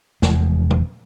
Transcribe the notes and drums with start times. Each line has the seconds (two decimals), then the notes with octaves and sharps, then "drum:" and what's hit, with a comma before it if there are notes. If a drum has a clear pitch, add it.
0.22 F1 E2 G#3, drum: snare
0.71 drum: tom A#2